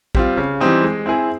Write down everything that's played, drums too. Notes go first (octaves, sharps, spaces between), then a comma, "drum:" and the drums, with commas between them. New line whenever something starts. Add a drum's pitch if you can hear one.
G3 C4 F4, drum: kick
C#3
E3 G3 C4 D#4
G#3
C4 E4 G#4